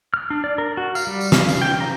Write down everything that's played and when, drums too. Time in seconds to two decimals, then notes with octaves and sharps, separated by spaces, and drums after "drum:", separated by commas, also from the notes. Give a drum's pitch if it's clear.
0.14 F6
0.30 D4
0.44 D5
0.58 A#4
0.77 F#4
0.95 F5, drum: tambourine
1.07 G3
1.21 drum: tambourine
1.32 F5, drum: snare
1.48 drum: tambourine
1.62 G5
1.80 A#5